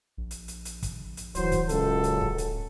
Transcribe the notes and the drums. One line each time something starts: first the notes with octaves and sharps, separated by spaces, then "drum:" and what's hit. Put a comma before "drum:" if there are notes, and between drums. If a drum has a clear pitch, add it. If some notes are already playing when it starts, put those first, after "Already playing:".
A#1
drum: hi-hat
drum: hi-hat
drum: hi-hat
drum: kick, hi-hat
drum: hi-hat
D1 E3 F#3 C5, drum: hi-hat
drum: kick, hi-hat
C#2 F#2 A4, drum: hi-hat
drum: hi-hat
drum: kick
drum: hi-hat